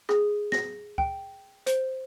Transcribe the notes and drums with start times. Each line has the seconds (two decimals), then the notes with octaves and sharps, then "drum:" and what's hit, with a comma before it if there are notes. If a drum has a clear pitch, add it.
0.09 G#4, drum: rim click
0.52 A#6, drum: snare
0.98 G5, drum: kick C#2
1.66 C5, drum: hi-hat